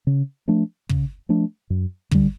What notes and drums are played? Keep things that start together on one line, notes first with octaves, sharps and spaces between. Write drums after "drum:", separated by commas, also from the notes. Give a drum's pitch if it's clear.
C#3
F3 A3 D4
C#3, drum: kick
F3 A3 D4
F#2
D3 G3, drum: kick